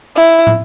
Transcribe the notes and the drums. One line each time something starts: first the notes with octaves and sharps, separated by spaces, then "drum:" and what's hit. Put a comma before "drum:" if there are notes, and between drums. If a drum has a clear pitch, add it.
E4, drum: hi-hat
drum: tom